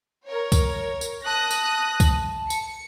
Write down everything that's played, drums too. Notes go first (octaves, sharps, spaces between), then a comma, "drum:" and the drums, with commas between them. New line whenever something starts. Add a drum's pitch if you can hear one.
A#4 C#5
drum: kick C2, tambourine
drum: tambourine
A5 D#6 F#6 A#6
drum: tambourine
drum: kick C2, tambourine
C#7, drum: tambourine